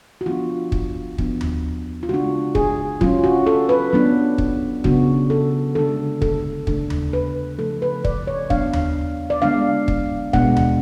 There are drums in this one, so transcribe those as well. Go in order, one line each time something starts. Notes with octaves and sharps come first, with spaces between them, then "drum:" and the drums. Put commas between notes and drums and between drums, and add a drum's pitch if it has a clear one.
F#4
F3 B3 D4 F4
drum: kick
F3 B3 D4, drum: kick
drum: tom D#2
F4
C#3 G#3 D4 F#4
G#4, drum: kick
F#3 C#4 F4, drum: kick
F#4
A4
B4
F#3 B3 D4
drum: kick
C#3 F#3 B3 D4 F#4, drum: kick
A4
D3 G#3 D4 A4
A4, drum: kick
C#3 F#3 A3 D4 A4, drum: kick
drum: tom D#2
B4
C#3 F3 A3 A4
B4
D5, drum: kick
C#5
F#3 B3 D4 F5, drum: kick
drum: tom D#2
D5
D3 G#3 B3 D4 F5
drum: kick
B2 G#3 B3 D4 F#5, drum: kick
drum: tom D#2